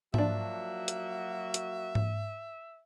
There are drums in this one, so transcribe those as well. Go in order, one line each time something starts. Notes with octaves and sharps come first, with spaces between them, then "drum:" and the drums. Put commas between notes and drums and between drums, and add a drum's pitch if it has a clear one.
F3 F#3 A#3 D4 F#4 E5, drum: tom G#2
drum: hi-hat
drum: hi-hat
drum: tom G#2